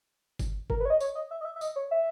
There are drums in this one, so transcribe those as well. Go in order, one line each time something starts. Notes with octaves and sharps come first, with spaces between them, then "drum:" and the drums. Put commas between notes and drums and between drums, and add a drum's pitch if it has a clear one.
drum: kick, tambourine
A#4, drum: kick
B4
C#5
D#5
C#5, drum: tambourine
D#5
E5
D#5
E5
E5
D#5, drum: tambourine
C#5
E5